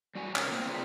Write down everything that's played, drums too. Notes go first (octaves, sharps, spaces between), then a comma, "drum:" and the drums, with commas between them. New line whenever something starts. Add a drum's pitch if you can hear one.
G3 F#4 G#5
C3 C#4 A#4 B4 A#5, drum: clap
A#3 C4 E4 C5 G5
C3 D4 F4 G#4 B4